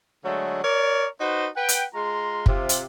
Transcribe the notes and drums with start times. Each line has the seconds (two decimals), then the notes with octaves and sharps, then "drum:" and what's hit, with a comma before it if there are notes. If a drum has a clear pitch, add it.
0.24 D3 F#3 G#3 A3
0.62 A#4 C#5 D5
1.20 D#4 F#4 B4 C5
1.55 B4 F#5 G5
1.69 drum: hi-hat
1.94 G#3 F4 A#5 C6
2.46 C3 F4, drum: kick
2.69 drum: hi-hat